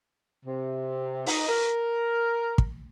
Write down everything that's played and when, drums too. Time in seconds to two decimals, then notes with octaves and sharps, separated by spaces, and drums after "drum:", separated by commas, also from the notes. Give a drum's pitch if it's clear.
0.46 C3
1.26 D#4, drum: open hi-hat
1.48 A#4
2.58 drum: kick